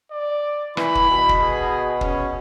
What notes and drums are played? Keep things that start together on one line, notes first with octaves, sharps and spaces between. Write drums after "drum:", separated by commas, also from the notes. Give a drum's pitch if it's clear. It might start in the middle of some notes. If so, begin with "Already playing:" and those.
D5
E3 B5, drum: rim click
drum: kick
B2
drum: kick
G#4
C#4, drum: kick